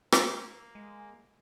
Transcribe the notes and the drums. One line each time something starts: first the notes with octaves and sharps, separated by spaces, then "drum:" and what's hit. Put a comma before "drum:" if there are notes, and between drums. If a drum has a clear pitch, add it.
A#3, drum: rim click
G#3